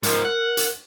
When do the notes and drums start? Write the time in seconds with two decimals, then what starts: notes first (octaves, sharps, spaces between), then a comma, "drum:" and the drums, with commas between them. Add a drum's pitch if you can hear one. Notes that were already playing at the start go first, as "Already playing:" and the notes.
0.03 G#2 F3 A#4, drum: hi-hat
0.25 F#5
0.57 drum: hi-hat